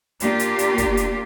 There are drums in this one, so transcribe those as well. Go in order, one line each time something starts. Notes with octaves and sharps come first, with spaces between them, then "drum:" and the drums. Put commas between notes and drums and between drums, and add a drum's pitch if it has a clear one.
A#3 D4 F4 G4, drum: hi-hat
drum: hi-hat
drum: hi-hat
drum: kick, hi-hat
drum: hi-hat